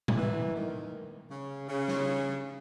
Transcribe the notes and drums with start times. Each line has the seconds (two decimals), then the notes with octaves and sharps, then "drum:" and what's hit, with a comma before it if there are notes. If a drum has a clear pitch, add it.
0.08 drum: tom A2
0.17 E3
0.55 D#3
1.30 C#3
1.68 C#3
1.88 drum: snare